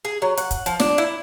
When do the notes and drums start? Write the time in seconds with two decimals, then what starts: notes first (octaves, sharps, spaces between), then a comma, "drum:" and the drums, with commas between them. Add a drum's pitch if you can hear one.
0.05 G#4
0.22 F#3
0.37 F#5, drum: hi-hat
0.51 drum: kick, hi-hat
0.66 F3, drum: hi-hat
0.80 D4, drum: snare
0.98 E4